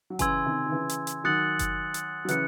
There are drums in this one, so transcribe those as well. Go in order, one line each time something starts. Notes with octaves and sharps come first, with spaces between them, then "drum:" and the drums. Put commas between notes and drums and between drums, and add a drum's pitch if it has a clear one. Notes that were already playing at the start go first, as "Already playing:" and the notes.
F#3
C#3 E3 G#5 C6 E6 G#6, drum: kick F#1, hi-hat
C3 D#3
D#3
C#3 E3
drum: hi-hat
drum: hi-hat
D#3 F#3 D#6 F#6 A6 C#7 F#7
drum: kick F#1, hi-hat
drum: hi-hat
F#3
C#3 E3 F#6 C#7, drum: hi-hat